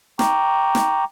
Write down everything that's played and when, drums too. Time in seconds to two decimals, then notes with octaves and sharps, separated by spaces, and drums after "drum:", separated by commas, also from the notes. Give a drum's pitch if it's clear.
0.19 G5 A#5 C#6 D6, drum: snare
0.75 drum: snare